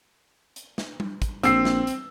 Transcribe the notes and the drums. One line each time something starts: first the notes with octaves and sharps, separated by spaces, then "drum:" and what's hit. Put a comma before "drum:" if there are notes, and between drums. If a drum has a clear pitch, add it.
drum: hi-hat
drum: snare
drum: tom G3
drum: kick, hi-hat
A#1 C4 E6 C7, drum: hi-hat
drum: snare
drum: hi-hat